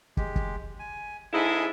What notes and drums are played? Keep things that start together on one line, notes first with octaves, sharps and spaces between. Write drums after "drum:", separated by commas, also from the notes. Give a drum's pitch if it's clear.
G#3 G4, drum: kick
drum: kick
G#5
G#2 C#3 E4 G#4 A4 D#5